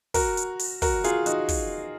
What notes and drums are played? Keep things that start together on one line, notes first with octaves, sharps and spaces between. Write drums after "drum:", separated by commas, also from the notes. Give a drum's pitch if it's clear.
F#4 A#4, drum: kick, open hi-hat
drum: hi-hat
drum: open hi-hat
F#4 A#4, drum: kick, open hi-hat
F4 G#4, drum: hi-hat
D#4 F#4, drum: hi-hat
drum: kick, open hi-hat